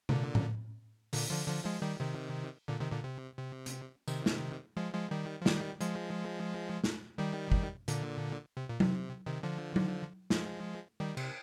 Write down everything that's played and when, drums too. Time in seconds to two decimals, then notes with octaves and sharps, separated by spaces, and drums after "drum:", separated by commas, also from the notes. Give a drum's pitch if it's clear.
0.09 A#2 D3, drum: tom C3
0.35 drum: tom A2
1.13 A#2 D3, drum: open hi-hat
1.30 D3 F3
1.47 D3 F3
1.65 F3 G#3
1.82 D#3 G3
2.00 C3 D#3
2.68 A#2 D3
2.80 C3 D#3
2.92 A#2 D3
3.03 C3
3.37 C3
3.66 drum: hi-hat
4.08 C3 D#3, drum: tambourine
4.26 drum: snare
4.77 F3 G#3
4.94 F3 G#3
5.11 D#3 G3
5.42 F3
5.46 D#3 G3, drum: snare
5.81 F3 G#3, drum: hi-hat
6.84 drum: snare
7.18 D#3 G3
7.52 drum: kick G1
7.88 A#2 D3, drum: hi-hat
8.57 C3
8.69 A#2
8.80 C3, drum: tom F#3
9.26 C3 D#3
9.43 D3 F3
9.76 drum: tom F#3
10.30 F3 G#3, drum: snare
11.00 D#3 G3
11.17 C3, drum: cymbal